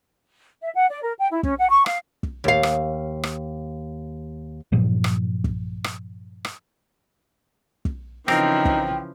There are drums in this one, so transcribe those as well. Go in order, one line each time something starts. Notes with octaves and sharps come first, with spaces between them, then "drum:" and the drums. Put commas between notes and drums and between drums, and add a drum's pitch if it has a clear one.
E5
F#5
D5
A#4
G5
E4
C#4, drum: kick
F#5
C#6
F5, drum: rim click
drum: kick
D#2 F5
drum: rim click
drum: rim click
G2 A#2 F3 F#3
drum: rim click
drum: kick
drum: rim click
drum: rim click
drum: kick
C#3 E3 F3 C4 D#4 A#4 G5, drum: rim click
drum: kick